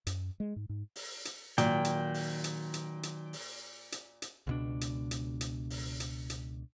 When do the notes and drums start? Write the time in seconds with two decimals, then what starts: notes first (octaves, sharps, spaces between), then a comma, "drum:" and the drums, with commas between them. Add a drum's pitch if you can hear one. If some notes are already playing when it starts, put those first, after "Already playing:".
0.07 F#2, drum: hi-hat
0.40 G#3
0.56 G#2
0.69 G#2
0.96 drum: open hi-hat
1.25 drum: hi-hat
1.58 A#2 D#3 F#3 G5, drum: hi-hat
1.85 drum: hi-hat
2.14 drum: open hi-hat
2.44 drum: hi-hat
2.74 drum: hi-hat
3.03 drum: hi-hat
3.33 drum: open hi-hat
3.92 drum: hi-hat
4.22 drum: hi-hat
4.47 C#2 B2 D4
4.81 drum: hi-hat
5.11 drum: hi-hat
5.41 drum: hi-hat
5.70 drum: open hi-hat
6.00 drum: hi-hat
6.30 drum: hi-hat